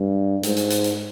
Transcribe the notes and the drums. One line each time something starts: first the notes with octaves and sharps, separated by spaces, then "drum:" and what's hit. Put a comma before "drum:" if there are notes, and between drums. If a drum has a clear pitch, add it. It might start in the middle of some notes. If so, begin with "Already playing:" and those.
Already playing: G2
G#2, drum: hi-hat
drum: hi-hat
drum: hi-hat
drum: hi-hat